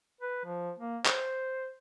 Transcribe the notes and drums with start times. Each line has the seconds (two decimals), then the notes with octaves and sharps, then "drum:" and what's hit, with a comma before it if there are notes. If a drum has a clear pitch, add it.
0.21 B4
0.45 F3
0.79 A#3
1.06 C5, drum: clap